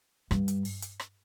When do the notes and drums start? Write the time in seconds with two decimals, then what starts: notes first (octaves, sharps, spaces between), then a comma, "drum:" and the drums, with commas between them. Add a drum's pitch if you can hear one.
0.31 G2, drum: rim click
0.48 drum: hi-hat
0.65 drum: open hi-hat
0.82 drum: hi-hat
1.00 drum: rim click